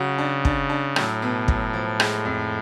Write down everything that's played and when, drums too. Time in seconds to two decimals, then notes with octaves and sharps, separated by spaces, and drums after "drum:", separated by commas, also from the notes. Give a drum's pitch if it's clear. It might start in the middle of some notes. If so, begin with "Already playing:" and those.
Already playing: C#3 F#3 F#4
0.18 D4
0.45 D4, drum: kick
0.70 D4
0.96 A2 F#3, drum: rim click
1.22 B2
1.48 F#3, drum: kick
1.74 F3
2.00 G#3, drum: rim click
2.25 F2